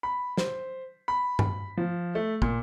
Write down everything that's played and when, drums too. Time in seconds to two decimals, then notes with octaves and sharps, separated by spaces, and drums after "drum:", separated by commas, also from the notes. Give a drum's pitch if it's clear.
0.03 B5
0.38 C5, drum: snare
1.08 B5
1.39 drum: tom G2
1.77 F3
2.15 A3
2.42 A#2, drum: kick